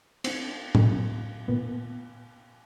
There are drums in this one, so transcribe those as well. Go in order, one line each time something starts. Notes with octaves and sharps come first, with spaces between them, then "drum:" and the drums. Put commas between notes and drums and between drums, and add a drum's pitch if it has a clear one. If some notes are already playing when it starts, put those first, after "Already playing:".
C4 D4, drum: cymbal
drum: tom A2
A#2 B3